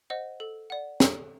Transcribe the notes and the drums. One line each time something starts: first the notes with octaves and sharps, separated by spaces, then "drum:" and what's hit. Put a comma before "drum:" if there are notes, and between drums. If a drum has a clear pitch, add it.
C5 D#5 F#5
A4
D5 F#5
A4, drum: snare